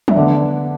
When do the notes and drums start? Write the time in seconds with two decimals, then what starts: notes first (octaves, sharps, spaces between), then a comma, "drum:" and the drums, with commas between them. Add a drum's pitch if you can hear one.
0.08 E5, drum: tom
0.16 D3 B3 D4 D5